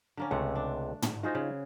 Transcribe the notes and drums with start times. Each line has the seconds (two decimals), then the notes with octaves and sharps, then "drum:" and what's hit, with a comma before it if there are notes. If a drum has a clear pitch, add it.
0.17 D3 A#3 C#4
0.31 C#2 C3 A3 F#5
0.55 D4
1.02 drum: tom
1.23 D#4 F4 F#4 G#4 C5 D#5
1.35 C#3